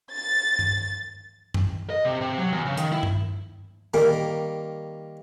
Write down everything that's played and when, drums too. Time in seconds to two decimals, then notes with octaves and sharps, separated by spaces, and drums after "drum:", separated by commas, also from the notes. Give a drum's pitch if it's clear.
0.13 A6
0.59 drum: tom G2
1.54 drum: tom F#2
1.90 D#5
2.05 C3
2.21 C3
2.38 F#3
2.52 E2
2.66 C#3
2.77 D#3, drum: hi-hat
2.93 E4
3.03 drum: tom G2
3.94 D#3 G3 A#3